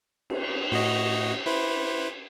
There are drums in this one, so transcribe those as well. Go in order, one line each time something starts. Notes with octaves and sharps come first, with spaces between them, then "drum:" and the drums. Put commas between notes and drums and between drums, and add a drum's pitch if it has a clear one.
drum: cymbal
A2 F#4 D#5
E4 B4 C5